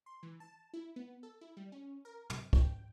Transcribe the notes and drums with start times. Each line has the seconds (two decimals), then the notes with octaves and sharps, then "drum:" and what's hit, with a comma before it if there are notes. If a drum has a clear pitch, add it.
0.06 C6
0.23 E3
0.40 A5
0.74 E4
0.96 B3
1.23 A4
1.41 E4
1.57 G3
1.72 C#4
2.05 A#4
2.30 C3, drum: tom
2.53 G5, drum: kick